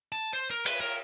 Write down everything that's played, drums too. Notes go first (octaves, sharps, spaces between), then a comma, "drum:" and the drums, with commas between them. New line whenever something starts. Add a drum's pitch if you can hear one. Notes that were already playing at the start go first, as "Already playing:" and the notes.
A5
C5
A#4
B4, drum: cymbal
A#4